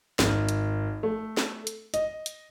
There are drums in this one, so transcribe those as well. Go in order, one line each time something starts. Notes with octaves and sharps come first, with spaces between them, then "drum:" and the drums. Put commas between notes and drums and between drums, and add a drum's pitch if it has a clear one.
G#1, drum: snare
drum: hi-hat
A3
drum: snare
drum: hi-hat
D#5, drum: hi-hat
drum: hi-hat